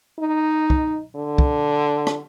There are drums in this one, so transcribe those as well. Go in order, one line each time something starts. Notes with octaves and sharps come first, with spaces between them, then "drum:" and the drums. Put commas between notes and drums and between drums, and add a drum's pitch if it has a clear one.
D#4
drum: kick
D3
drum: kick
drum: rim click